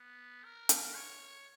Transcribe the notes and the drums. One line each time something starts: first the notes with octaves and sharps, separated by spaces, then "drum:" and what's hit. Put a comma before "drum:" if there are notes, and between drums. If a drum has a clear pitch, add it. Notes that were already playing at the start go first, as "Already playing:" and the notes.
Already playing: B3
A#4
drum: hi-hat
C#5